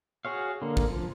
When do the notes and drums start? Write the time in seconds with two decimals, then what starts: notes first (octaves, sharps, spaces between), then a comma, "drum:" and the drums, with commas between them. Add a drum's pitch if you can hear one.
0.25 F#4 G#4 C#5 F5
0.62 D3 A#3
0.77 drum: kick
0.90 F3